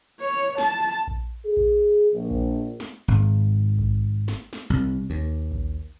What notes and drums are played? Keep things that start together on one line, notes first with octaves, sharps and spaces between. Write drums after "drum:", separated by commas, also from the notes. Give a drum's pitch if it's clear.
C#5
A5, drum: snare
drum: kick A#1
G#4
drum: kick A#1
A#1
drum: kick A#1
drum: snare
G#1
drum: kick A#1
drum: snare
drum: snare
C2
D#2
drum: kick A#1